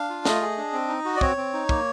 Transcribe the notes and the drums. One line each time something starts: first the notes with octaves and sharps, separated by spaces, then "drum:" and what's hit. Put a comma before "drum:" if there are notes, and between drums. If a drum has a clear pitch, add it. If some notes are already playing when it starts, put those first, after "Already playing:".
Already playing: D4 F5
F4
A3 D#5, drum: snare
G#4
D4
C4
D#4
F#4
D5
C4 C#5, drum: kick
C4
D#4
A#3, drum: kick